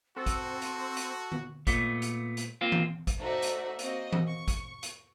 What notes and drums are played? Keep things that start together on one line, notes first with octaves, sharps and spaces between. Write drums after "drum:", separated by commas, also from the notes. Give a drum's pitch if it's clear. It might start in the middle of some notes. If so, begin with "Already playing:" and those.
C4 F#4 A4 C6
drum: kick, hi-hat
drum: hi-hat
drum: hi-hat
drum: tom D3
A#2 A3 B3, drum: kick, hi-hat
drum: hi-hat
drum: hi-hat
A#3 C4 F4
drum: tom E3
drum: kick, hi-hat
A3 D#4 F#4 C5 D5 E5
drum: hi-hat
A#3 C4 F#4 D#5, drum: hi-hat
drum: tom E3
C#6
drum: kick, hi-hat
drum: hi-hat